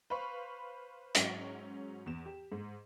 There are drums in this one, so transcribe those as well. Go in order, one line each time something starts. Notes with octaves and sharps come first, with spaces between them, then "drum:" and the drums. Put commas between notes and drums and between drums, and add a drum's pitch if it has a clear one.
B4 C5 F5 B5 C#6
G#2 F#3 C#4, drum: hi-hat
E2 E7
G4
G#2